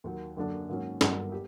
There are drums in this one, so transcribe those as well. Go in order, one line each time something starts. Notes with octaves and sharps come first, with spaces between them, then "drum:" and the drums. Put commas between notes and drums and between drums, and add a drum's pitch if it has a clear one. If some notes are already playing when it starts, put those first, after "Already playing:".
D#2 D#3 F#3
F#2 D3 F#3 A#3 D4
G#2 D#3 F#3 A#3 C#4
G1 G2 D#3 F#3 A#3, drum: snare
G4